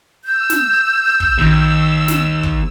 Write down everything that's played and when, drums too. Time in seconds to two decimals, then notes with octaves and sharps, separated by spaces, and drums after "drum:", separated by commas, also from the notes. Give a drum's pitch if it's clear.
0.24 E6 G6
0.50 drum: snare
1.20 drum: kick
1.38 A#1 D#2 D#3
2.08 drum: snare
2.43 drum: kick